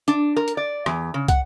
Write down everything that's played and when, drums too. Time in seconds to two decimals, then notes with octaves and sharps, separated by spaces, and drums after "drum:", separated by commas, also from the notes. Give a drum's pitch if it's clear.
0.08 D4, drum: hi-hat
0.36 A#4
0.48 drum: hi-hat
0.57 D5
0.86 E2, drum: rim click
1.14 C#3
1.28 F#5, drum: kick, hi-hat